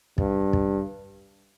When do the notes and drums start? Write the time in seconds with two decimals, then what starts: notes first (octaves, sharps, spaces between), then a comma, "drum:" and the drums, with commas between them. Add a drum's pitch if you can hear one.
0.18 G2, drum: kick
0.53 drum: kick